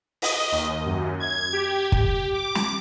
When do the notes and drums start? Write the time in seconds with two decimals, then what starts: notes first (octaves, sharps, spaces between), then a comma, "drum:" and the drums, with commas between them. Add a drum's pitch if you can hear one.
0.22 D#5, drum: open hi-hat
0.52 D#2
0.86 F#2
1.20 G#6
1.53 G4
1.92 G4, drum: kick
2.34 D6
2.55 drum: snare